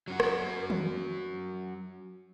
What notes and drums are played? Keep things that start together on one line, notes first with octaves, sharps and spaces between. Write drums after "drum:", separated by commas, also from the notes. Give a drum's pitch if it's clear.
F#3 C#4 F#4
drum: rim click
drum: tom D#3